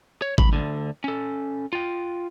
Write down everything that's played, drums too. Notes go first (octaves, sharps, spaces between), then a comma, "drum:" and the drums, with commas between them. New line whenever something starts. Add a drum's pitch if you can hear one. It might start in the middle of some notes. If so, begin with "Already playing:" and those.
C#5
B5, drum: kick G#1
D2 D3
C#4 A4
F4 G5